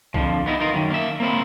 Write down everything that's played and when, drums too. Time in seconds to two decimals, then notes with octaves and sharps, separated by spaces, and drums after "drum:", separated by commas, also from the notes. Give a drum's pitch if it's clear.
0.14 F2 D3 D#3 F3, drum: kick C2
0.46 B3 D#4 E4
0.60 D#4 F4 A#4
0.73 F#2 D#3
0.90 A#3 E5
1.20 A#3 C4 E4